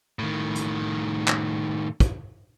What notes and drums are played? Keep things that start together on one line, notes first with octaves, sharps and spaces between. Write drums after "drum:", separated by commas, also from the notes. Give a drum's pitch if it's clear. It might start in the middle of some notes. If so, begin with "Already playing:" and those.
A2 D#3
drum: hi-hat
drum: clap
drum: kick, hi-hat